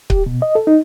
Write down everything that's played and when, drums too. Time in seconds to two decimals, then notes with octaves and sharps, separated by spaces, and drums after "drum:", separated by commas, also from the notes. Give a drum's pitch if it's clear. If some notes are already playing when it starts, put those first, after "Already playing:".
0.10 G4, drum: kick C#1
0.26 B2
0.42 D#5
0.55 A4
0.67 D#4